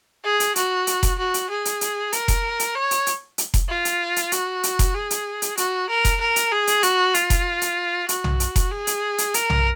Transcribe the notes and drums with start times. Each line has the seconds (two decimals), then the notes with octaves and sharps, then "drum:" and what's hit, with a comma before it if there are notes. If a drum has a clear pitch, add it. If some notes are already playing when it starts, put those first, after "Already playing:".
0.24 G#4
0.40 drum: hi-hat
0.56 F#4, drum: hi-hat
0.87 drum: hi-hat
1.03 drum: kick F1, hi-hat
1.18 F#4
1.34 drum: hi-hat
1.50 G#4
1.65 drum: hi-hat
1.81 drum: hi-hat
2.13 A#4, drum: hi-hat
2.28 drum: kick F1, hi-hat
2.60 drum: hi-hat
2.75 C#5
2.91 drum: hi-hat
3.07 drum: hi-hat
3.38 drum: hi-hat
3.54 drum: kick F1, hi-hat
3.69 F4
3.85 drum: hi-hat
4.16 drum: hi-hat
4.32 F#4, drum: hi-hat
4.63 drum: hi-hat
4.79 drum: kick F1, hi-hat
4.95 G#4
5.10 drum: hi-hat
5.42 drum: hi-hat
5.57 F#4, drum: hi-hat
5.89 A#4
6.05 drum: kick F1, hi-hat
6.21 A#4
6.36 drum: hi-hat
6.52 G#4
6.67 drum: hi-hat
6.83 F#4, drum: hi-hat
7.14 F4, drum: hi-hat
7.30 drum: kick F1, hi-hat
7.61 drum: hi-hat
8.09 F#4, drum: hi-hat
8.24 drum: tom B1
8.40 drum: hi-hat
8.56 drum: kick F1, hi-hat
8.71 G#4
8.87 drum: hi-hat
9.18 drum: hi-hat
9.34 A#4, drum: hi-hat
9.50 drum: tom B1